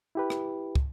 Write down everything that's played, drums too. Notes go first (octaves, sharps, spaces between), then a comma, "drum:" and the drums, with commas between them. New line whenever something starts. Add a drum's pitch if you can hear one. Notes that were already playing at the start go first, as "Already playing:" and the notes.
E4 G4 B4
drum: rim click
drum: kick